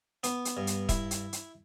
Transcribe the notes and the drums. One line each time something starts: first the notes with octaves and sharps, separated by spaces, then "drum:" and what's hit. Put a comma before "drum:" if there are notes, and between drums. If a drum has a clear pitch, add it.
B3, drum: hi-hat
drum: hi-hat
G2
drum: hi-hat
E4, drum: kick, hi-hat
drum: hi-hat
drum: hi-hat